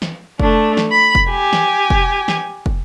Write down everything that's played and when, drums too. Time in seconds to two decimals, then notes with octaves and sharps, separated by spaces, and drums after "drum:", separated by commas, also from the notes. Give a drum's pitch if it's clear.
0.02 drum: snare
0.40 A3 D4, drum: kick
0.77 drum: snare
0.92 B5
1.15 drum: kick
1.30 G4 G#5
1.53 drum: snare
1.90 drum: kick
2.28 drum: snare
2.66 drum: kick